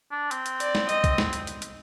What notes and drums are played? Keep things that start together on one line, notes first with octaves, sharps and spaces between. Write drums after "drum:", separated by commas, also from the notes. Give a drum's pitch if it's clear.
D4
C4, drum: hi-hat
drum: hi-hat
D5, drum: hi-hat
drum: snare
D#5, drum: hi-hat
drum: kick B1, hi-hat
drum: snare
drum: hi-hat
drum: hi-hat
drum: hi-hat